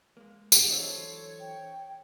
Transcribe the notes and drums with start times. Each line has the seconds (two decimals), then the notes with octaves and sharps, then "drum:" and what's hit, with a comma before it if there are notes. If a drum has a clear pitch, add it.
0.17 G#3 A#3
0.52 drum: tambourine
0.70 E3 F#3 D4 A4 C5 C#5 D#5
1.40 G5